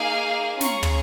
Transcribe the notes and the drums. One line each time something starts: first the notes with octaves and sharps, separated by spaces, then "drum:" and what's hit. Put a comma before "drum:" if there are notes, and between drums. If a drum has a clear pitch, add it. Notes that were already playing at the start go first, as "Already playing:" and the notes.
Already playing: A#3 D#4 G#4 F5 G#5
C#4 F4 G#4 A#5 C#6, drum: snare
drum: tom